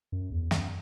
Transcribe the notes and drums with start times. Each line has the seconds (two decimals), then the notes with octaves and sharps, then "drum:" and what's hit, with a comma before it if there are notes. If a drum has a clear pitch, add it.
0.12 F#2
0.32 E2
0.51 F#2, drum: snare